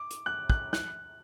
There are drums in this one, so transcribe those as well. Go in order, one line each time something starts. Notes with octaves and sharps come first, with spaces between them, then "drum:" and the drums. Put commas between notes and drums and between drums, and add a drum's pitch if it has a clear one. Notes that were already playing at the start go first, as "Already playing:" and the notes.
Already playing: D6
drum: hi-hat
F#6
F#6, drum: kick
F#6, drum: snare